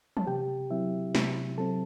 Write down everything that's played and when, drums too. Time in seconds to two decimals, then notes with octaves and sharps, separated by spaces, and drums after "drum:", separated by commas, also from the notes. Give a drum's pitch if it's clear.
0.17 A5, drum: tom E3
0.27 C3 G4 G5
0.70 F#3 C4 E4 E5
1.15 C3, drum: snare
1.58 F#3 C4 A4 A5